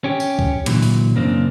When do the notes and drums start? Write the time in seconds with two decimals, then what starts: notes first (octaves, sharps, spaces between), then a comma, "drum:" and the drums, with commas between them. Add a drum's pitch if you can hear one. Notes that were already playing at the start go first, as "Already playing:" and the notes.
0.04 C#4 G4
0.20 drum: tambourine
0.39 drum: kick C2
0.66 A#2 D3 E3 F#3, drum: hi-hat
0.82 drum: open hi-hat
1.15 F#2 C#3 A#3 C4 D4